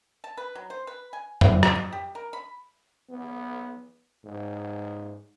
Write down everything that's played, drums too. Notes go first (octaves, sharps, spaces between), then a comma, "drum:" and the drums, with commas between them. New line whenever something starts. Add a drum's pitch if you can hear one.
A5
B4
F#3
C5
B4
G#5
E4, drum: tom F2
E5, drum: rim click
D#5
G4
A#4
B5
B3
G#2